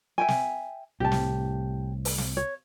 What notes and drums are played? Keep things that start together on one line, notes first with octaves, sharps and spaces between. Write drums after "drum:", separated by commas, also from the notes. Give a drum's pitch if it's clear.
E5 G5 G#5
drum: snare
C2 A2 C3 G4 A5
drum: snare
drum: open hi-hat
drum: snare
C#5